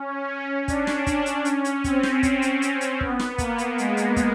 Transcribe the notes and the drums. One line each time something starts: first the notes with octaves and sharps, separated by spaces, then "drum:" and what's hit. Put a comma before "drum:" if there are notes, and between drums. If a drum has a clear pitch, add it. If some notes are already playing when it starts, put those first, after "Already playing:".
Already playing: C#4
D4, drum: kick, hi-hat
drum: snare
drum: kick, hi-hat
drum: hi-hat
C#4, drum: hi-hat
drum: hi-hat
C4, drum: kick, hi-hat
drum: snare
C#4, drum: kick, hi-hat
drum: hi-hat
C4, drum: hi-hat
drum: hi-hat
B3, drum: kick
drum: snare
A#3, drum: kick, hi-hat
drum: hi-hat
G#3, drum: hi-hat
drum: hi-hat
drum: kick, hi-hat